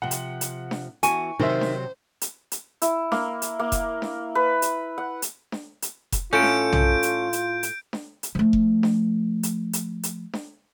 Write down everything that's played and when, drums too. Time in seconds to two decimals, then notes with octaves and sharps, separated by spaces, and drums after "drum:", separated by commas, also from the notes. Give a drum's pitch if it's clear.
0.02 C3 F3 F#5
0.11 drum: hi-hat
0.41 drum: hi-hat
0.71 drum: snare D4
1.03 E3 B3 F#4 G#5 C#6, drum: hi-hat
1.39 C3 D#3 F#3 C4 C5 E5
1.61 drum: snare D4
2.21 drum: hi-hat
2.52 drum: hi-hat
2.82 E4, drum: hi-hat
3.12 A#3, drum: snare D4
3.42 drum: hi-hat
3.59 A#3
3.72 drum: kick F1, hi-hat
4.02 drum: snare D4
4.35 B4
4.62 drum: hi-hat
4.98 F#5
5.22 drum: hi-hat
5.52 drum: snare D4
5.82 drum: hi-hat
6.12 drum: kick F1, hi-hat
6.33 A2 C#4 F4 A4 G6 D7
6.42 drum: snare D4
6.73 drum: tom B1
7.03 drum: hi-hat
7.33 drum: hi-hat
7.63 drum: hi-hat
7.93 drum: snare D4
8.23 drum: hi-hat
8.35 F3 A3
8.53 drum: kick F1
8.83 drum: snare D4
9.43 drum: hi-hat
9.73 drum: hi-hat
10.03 drum: hi-hat
10.33 drum: snare D4